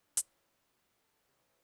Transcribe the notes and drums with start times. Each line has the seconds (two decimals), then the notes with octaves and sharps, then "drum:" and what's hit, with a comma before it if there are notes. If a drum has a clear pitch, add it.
0.05 D4
0.17 A3 C#4 E4 F#4 B4, drum: hi-hat
0.44 E4
0.72 F#4
0.99 A4
1.26 C#3 E3 B3 E4 G4